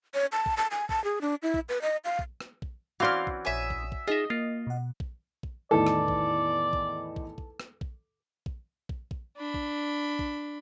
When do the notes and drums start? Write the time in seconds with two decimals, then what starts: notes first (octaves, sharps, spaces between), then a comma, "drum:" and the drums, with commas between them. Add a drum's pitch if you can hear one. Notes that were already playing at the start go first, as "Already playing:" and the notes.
0.14 C#5
0.32 A5
0.46 drum: kick
0.57 A5
0.71 G#5
0.89 A5, drum: kick
1.04 G#4
1.21 D4
1.43 E4
1.54 drum: kick
1.69 B4
1.82 D#5
2.05 F5
2.19 drum: kick
2.40 drum: rim click
2.62 drum: kick
3.00 E3 C4 C#4 F#4 D5 F5 C6 F6
3.27 drum: kick
3.45 A#1 C#5 E5 G#5 D#6
3.70 drum: kick
3.92 drum: kick
4.08 D#4 F4 G#4 D#5 E5
4.30 A#3 F4
4.67 B2 F#5
5.00 drum: kick
5.43 drum: kick
5.71 E2 A2 D#3 A4 D5
5.87 drum: rim click
6.08 drum: kick
6.73 drum: kick
7.16 drum: kick
7.38 drum: kick
7.60 drum: rim click
7.81 drum: kick
8.46 drum: kick
8.89 drum: kick
9.11 drum: kick
9.37 D4 B5
9.54 drum: kick
10.19 drum: kick